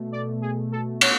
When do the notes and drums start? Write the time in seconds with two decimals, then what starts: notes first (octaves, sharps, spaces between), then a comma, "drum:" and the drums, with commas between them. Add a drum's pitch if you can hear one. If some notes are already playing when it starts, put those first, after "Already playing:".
Already playing: B2 A3
0.12 D5
0.41 G#4
0.72 A4
1.01 C#5, drum: cymbal